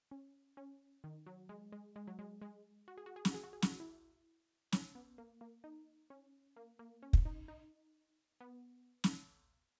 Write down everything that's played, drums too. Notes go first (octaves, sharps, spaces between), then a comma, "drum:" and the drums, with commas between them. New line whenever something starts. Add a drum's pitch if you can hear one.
C#4
C#4
D#3
F#3
G#3
G#3
G#3
F#3
G#3
G#3
F#4
G#4
F#4
G#4
F#4, drum: snare
G#4
F#4
G#4
F#4, drum: snare
E4
C#4, drum: snare
B3
A#3
A#3
D#4
C#4
A#3
A#3
C#4
drum: kick
D#4
D#4
B3
drum: snare